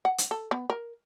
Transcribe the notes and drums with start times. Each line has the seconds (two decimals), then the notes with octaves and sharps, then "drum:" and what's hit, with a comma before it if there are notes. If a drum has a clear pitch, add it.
0.05 F#5
0.18 drum: hi-hat
0.31 A4
0.51 B3
0.70 A#4